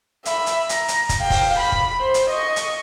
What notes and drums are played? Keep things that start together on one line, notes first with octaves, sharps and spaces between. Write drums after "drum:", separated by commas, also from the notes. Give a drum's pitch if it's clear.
E5 B5, drum: hi-hat
drum: hi-hat
A#5, drum: hi-hat
drum: hi-hat
drum: kick, hi-hat
F5 G5
drum: kick, open hi-hat
B5
drum: kick
C5
drum: hi-hat
D#5 C#6
drum: hi-hat